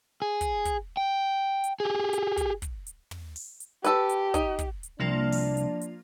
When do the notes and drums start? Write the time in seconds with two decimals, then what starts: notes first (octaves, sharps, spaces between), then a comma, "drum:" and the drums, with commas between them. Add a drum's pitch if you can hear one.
0.22 G#4
0.41 drum: kick, hi-hat
0.65 drum: kick, hi-hat
0.97 G5
1.64 drum: hi-hat
1.80 G4 G#4
2.13 drum: hi-hat
2.37 drum: kick, hi-hat
2.62 drum: kick, hi-hat
2.87 drum: hi-hat
3.11 drum: tom
3.36 drum: open hi-hat
3.60 drum: hi-hat
3.84 G4 A4 B4, drum: hi-hat
4.09 drum: hi-hat
4.34 D#4, drum: kick, hi-hat
4.59 drum: kick, hi-hat
4.83 drum: hi-hat
5.00 C2 F3 A#3 D4 F4
5.32 drum: open hi-hat
5.57 drum: hi-hat
5.81 drum: hi-hat